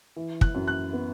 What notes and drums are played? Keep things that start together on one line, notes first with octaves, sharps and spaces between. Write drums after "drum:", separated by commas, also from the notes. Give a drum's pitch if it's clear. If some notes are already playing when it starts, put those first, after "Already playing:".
E3
F#6, drum: kick
F#2
F#6
B3